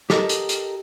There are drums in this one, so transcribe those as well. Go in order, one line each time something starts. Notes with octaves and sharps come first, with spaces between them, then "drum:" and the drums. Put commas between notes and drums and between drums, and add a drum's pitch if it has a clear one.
G4 A4 A#4 D#5, drum: snare
drum: hi-hat
drum: hi-hat